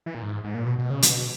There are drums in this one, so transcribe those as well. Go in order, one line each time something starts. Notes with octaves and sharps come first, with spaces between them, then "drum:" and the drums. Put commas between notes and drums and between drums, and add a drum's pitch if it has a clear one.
E3
A#2
G#2
G#2
A#2
B2
B2
C#3
B2, drum: hi-hat